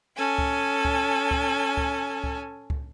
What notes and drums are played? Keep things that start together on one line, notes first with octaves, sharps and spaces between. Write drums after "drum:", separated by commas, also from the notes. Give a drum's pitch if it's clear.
C#4 A4 G#5
drum: kick C#2
drum: kick C#2
drum: kick C#2
drum: kick C#2
drum: kick C#2
drum: kick C#2